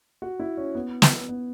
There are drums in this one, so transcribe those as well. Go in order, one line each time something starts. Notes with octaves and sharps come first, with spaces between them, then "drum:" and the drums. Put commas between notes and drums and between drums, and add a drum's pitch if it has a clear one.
F#4
E4
C#4
B3
drum: snare
B3